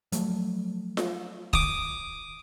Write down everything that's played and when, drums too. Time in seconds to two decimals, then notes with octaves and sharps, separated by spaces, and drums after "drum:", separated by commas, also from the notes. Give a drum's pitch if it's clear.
0.12 F3 F#3 A3, drum: hi-hat
0.97 drum: snare F4
1.53 D6 D#6, drum: kick